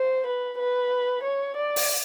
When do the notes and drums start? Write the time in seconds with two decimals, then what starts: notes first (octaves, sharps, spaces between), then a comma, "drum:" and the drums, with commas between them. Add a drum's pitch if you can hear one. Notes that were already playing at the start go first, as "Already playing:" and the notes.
Already playing: C5
0.26 B4
0.59 B4
1.23 C#5
1.56 D5
1.76 drum: open hi-hat